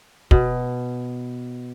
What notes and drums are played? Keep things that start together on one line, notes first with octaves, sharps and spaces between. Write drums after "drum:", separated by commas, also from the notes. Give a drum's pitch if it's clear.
B2, drum: kick